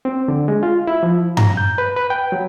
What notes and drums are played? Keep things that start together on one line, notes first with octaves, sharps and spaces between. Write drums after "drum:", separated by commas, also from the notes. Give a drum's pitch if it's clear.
C4
D3
G#3
F4
E4
F3
A#5, drum: tom G2
G6
B4
B4
G5
F#3